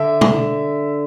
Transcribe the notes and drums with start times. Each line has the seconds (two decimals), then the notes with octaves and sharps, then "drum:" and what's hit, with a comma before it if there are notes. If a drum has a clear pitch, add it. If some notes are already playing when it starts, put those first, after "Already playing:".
Already playing: D3 E5
0.21 drum: tom